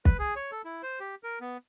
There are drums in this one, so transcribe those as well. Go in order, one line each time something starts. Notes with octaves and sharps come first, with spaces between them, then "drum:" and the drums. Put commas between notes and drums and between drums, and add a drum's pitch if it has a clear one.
B4, drum: kick
G#4
C#5
A4
E4
C5
G4
A#4
B3